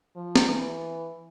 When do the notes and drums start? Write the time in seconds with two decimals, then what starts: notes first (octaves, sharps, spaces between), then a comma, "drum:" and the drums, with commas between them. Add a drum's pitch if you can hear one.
0.16 F3
0.36 drum: snare
0.47 E3